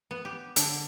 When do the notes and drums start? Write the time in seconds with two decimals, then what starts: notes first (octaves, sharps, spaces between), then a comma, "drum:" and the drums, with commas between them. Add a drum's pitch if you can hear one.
0.11 B3
0.25 G4
0.56 D3, drum: hi-hat